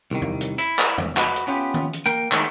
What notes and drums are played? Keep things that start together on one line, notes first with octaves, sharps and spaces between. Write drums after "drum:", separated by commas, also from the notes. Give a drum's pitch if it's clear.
C2 D#3
drum: tom
drum: hi-hat
E4, drum: hi-hat
drum: clap
drum: tom
F#4 B4 D#5, drum: clap
drum: hi-hat
B3 C#4 F4 G4
drum: tom D#3
drum: hi-hat
A#3 A#4 G5
D#3 G#3 A3 B3 D#4 E4, drum: clap